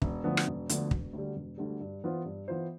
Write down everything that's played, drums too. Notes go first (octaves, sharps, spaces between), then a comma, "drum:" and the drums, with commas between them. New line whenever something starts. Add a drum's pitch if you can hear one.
E1, drum: kick
D2 D3 F3 B3
drum: rim click
E1
D2 D3 F3 B3, drum: hi-hat
E1, drum: kick
D2 D3 G3
E1
D2 D3 G3
G2
E3 B3 F4 C5
G2
E3 B3 F4 C5